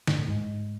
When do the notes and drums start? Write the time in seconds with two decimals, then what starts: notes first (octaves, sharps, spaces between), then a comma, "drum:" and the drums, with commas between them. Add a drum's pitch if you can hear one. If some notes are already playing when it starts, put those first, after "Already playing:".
0.07 G#2, drum: snare
0.18 A2
0.28 G#2